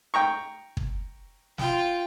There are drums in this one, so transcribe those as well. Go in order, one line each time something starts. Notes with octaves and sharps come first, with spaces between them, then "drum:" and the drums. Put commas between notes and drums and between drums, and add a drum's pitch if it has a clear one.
G5 A#5 C#6
drum: kick
F4 G5, drum: snare